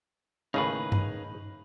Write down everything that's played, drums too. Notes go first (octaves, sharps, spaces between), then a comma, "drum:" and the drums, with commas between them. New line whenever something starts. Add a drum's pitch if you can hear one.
D#2 A2 C#3 D#4 G#4 B4
drum: tom G2